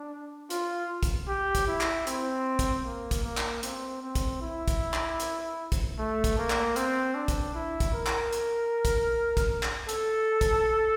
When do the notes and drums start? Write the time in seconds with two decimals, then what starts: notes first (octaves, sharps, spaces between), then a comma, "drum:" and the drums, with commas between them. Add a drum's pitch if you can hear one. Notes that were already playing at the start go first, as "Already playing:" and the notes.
Already playing: D4
0.50 F4, drum: hi-hat
1.03 drum: kick, hi-hat
1.28 G4
1.55 drum: kick, hi-hat
1.68 E4
1.81 drum: clap
2.07 C4, drum: hi-hat
2.59 drum: kick, hi-hat
2.85 A#3
3.11 drum: kick, hi-hat
3.24 A#3
3.37 drum: clap
3.63 C4, drum: hi-hat
4.02 C4
4.15 drum: kick, hi-hat
4.41 E4
4.68 drum: kick, hi-hat
4.94 drum: clap
5.20 drum: hi-hat
5.72 drum: kick, hi-hat
5.99 A3
6.24 drum: kick, hi-hat
6.38 A#3
6.50 drum: clap
6.76 C4, drum: hi-hat
7.15 D4
7.28 drum: kick, hi-hat
7.55 E4
7.80 drum: kick, hi-hat
7.94 A#4
8.06 drum: clap
8.33 drum: hi-hat
8.85 drum: kick, hi-hat
9.37 drum: kick, hi-hat
9.63 drum: clap
9.89 A4, drum: hi-hat
10.41 drum: kick, hi-hat